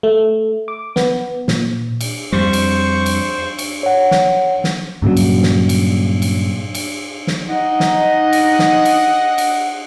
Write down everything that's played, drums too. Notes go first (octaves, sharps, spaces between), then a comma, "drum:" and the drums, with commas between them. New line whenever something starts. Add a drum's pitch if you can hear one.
A3
D6
B3, drum: snare
A#2, drum: snare
drum: cymbal
F2 G3 C5 C#6
drum: cymbal
drum: cymbal
drum: cymbal
C#5 F#5
drum: snare
drum: snare
G2 A#2 C#3 F#3
drum: cymbal
drum: snare
drum: cymbal
drum: cymbal
drum: cymbal
drum: snare
D#4 D#5 F#5
drum: snare
drum: cymbal
drum: snare
drum: cymbal
drum: cymbal